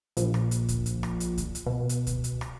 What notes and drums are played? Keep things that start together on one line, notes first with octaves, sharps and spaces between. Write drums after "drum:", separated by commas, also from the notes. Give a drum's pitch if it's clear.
A#1, drum: hi-hat
drum: rim click
drum: hi-hat
drum: kick C#2, hi-hat
drum: hi-hat
drum: rim click
drum: hi-hat
drum: kick C#2, hi-hat
drum: hi-hat
B2
drum: hi-hat
drum: kick C#2, hi-hat
drum: hi-hat
drum: rim click